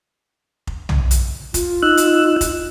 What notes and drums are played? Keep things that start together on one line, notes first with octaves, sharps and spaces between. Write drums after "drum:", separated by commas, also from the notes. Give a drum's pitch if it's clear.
drum: kick F1
drum: tom
drum: hi-hat
F4, drum: kick F1, hi-hat
D#4 E6 F#6
drum: hi-hat
drum: kick F1, hi-hat